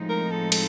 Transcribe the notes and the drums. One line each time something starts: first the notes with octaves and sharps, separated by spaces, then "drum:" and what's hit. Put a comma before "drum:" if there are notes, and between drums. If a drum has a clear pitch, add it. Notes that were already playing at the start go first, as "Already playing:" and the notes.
Already playing: A2 F3 G#3 C4 D#4
A#4
A4
A4, drum: cymbal